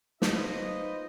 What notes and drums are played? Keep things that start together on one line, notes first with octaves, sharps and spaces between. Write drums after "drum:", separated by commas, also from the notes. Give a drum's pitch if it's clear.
D#4 F4 B4 C5 D#5, drum: snare